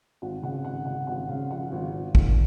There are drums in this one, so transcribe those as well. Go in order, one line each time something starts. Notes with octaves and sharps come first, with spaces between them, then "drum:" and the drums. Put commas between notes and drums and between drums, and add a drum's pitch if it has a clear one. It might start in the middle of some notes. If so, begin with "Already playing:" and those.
G#1 F#5
C#3 F#5
G#1 F#5
C#3 F#5
G#1 F#5
C#3 F5
F3 F#5
G#1
G#1
D#3, drum: kick